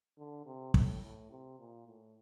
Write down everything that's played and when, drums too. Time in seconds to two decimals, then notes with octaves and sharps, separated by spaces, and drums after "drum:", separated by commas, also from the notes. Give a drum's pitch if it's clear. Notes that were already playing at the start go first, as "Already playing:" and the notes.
0.18 D3
0.46 C3
0.74 A2, drum: kick
1.02 A2
1.31 C3
1.59 A#2
1.87 A2